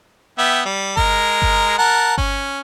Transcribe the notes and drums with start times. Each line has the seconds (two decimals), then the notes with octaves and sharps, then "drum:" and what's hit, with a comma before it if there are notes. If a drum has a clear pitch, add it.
0.38 B3 E5 G5
0.65 G3
0.97 G#3 A#4, drum: kick G1
1.42 drum: kick G1
1.79 A#4 F#5 A5
2.18 C#4, drum: kick G1